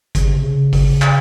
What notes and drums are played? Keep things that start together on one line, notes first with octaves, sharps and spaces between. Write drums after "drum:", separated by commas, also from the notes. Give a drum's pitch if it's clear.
C#3, drum: kick, hi-hat
C3
C#3
drum: kick, open hi-hat
drum: clap